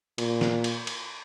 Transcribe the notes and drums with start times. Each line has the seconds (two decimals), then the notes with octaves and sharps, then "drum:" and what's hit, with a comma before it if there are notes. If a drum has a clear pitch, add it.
0.18 A#2, drum: cymbal
0.41 drum: snare
0.64 drum: cymbal
0.87 drum: cymbal